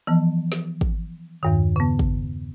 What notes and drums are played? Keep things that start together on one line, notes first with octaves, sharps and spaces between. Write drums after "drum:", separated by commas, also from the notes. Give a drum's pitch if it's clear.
E3 F3 B3
drum: snare
drum: kick
E2 G2 D#3
C#3 B3
drum: kick